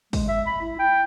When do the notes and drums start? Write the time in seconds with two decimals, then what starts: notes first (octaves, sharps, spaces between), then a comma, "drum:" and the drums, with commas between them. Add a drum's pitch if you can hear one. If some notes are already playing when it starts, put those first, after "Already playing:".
0.13 G#3, drum: kick, open hi-hat
0.28 E5
0.47 B5
0.61 E4
0.79 G5